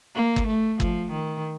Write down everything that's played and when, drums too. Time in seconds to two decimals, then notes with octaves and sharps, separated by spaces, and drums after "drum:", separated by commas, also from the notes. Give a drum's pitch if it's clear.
0.15 A#3
0.36 drum: kick G1
0.47 A3
0.80 F3, drum: kick G1
1.11 D#3